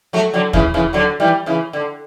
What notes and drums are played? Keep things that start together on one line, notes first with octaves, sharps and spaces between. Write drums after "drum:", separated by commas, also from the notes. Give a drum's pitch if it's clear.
F#3 A3
D3 F#3
C#3 E3, drum: kick
C#3 E3
D3 F#3
E3 G3
C#3 E3
D3